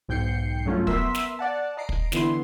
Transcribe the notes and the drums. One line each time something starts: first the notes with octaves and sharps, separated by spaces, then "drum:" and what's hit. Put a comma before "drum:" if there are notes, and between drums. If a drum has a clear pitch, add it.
B1 G#2 G5 G6 C7 C#7
G2 F#3 A3 C#4 F4
B3 A#4 E5 C6 E6 B6, drum: kick
drum: snare
D5 F#5 A5
D#5 A#5 C7 D7
drum: kick
D3 E3 B3 E4 C6, drum: snare